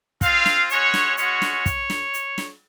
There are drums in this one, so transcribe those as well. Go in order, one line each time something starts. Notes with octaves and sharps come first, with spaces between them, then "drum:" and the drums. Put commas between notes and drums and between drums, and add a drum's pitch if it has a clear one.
C4 F4 F5, drum: kick, hi-hat
drum: snare
G#3 C#4 F#4 C#5, drum: hi-hat
drum: snare
G#3 C#4 F#4 C#5, drum: hi-hat
drum: snare
drum: kick, hi-hat
drum: snare
drum: hi-hat
drum: snare